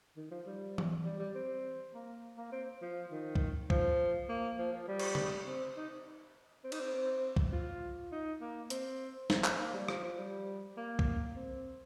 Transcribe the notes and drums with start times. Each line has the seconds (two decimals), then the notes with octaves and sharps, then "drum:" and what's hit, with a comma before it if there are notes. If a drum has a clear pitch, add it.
0.17 D#3
0.31 F3
0.46 G3
0.78 drum: tom E3
1.05 G3
1.19 G3
1.35 C4
1.93 A#3
2.37 A#3
2.52 C4
2.81 F3
3.12 D#3
3.35 drum: kick
3.70 F3, drum: kick
4.29 A#3
4.58 F3
4.73 F3
4.88 G3
4.99 drum: cymbal
5.15 drum: tom C3
5.47 C4
5.76 D#4
6.64 C4
6.72 D#4, drum: cymbal
6.80 C4
6.94 C4
7.36 drum: kick
7.52 F4
8.12 D#4
8.41 A#3
8.70 C4, drum: hi-hat
9.30 C4, drum: snare
9.44 C4, drum: clap
9.59 A#3
9.74 G3
9.89 F3, drum: rim click
10.03 F3
10.18 G3
10.77 A#3
10.99 drum: kick
11.36 C4